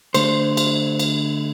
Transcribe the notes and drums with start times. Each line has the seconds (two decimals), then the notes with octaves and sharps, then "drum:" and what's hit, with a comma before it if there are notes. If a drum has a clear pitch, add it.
0.14 D3 A3 D4 C5, drum: cymbal
0.57 drum: cymbal
1.00 drum: cymbal